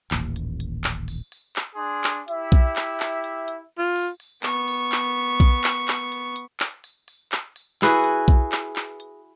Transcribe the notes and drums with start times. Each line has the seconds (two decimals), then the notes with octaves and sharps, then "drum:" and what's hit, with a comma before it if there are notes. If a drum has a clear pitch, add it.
0.11 D#1 A1 D#2, drum: clap
0.36 drum: hi-hat
0.60 drum: hi-hat
0.84 drum: clap
1.08 drum: open hi-hat
1.32 drum: open hi-hat
1.56 drum: clap
1.76 D4 G#4 C6
2.04 drum: clap
2.28 E4 G4 E5, drum: hi-hat
2.52 drum: kick B1, hi-hat
2.76 drum: clap
3.00 drum: clap
3.24 drum: hi-hat
3.48 drum: hi-hat
3.78 F4
3.96 drum: open hi-hat
4.20 drum: open hi-hat
4.43 B3 C#6, drum: clap
4.68 drum: open hi-hat
4.92 drum: clap
5.40 drum: kick B1, hi-hat
5.64 drum: clap
5.88 drum: clap
6.12 drum: hi-hat
6.36 drum: hi-hat
6.60 drum: clap
6.84 drum: open hi-hat
7.08 drum: open hi-hat
7.32 drum: clap
7.56 drum: open hi-hat
7.82 E4 F#4 G#4 B4, drum: clap
8.04 drum: hi-hat
8.28 drum: kick B1, hi-hat
8.52 drum: clap
8.76 drum: clap
9.00 drum: hi-hat